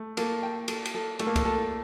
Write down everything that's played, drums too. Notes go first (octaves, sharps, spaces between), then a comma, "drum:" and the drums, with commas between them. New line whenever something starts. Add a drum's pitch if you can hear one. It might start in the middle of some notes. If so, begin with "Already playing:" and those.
Already playing: A3
A#3 A4, drum: cymbal
G5
A4, drum: cymbal
drum: cymbal
A4
A3 A4, drum: cymbal
A#3
A3, drum: kick C2, cymbal
A4